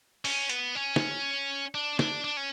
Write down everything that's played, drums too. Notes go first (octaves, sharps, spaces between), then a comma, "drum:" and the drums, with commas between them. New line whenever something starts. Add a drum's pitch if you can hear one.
C#4, drum: open hi-hat
B3, drum: hi-hat
C#4
drum: snare
D4
D4, drum: snare
D4
C#4